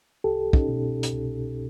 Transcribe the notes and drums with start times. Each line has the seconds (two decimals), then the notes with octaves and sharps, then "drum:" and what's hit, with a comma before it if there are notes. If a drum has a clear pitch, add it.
0.24 C2 G4 A4
0.53 C#4 D#4, drum: kick
0.69 B2
1.03 drum: hi-hat
1.13 C2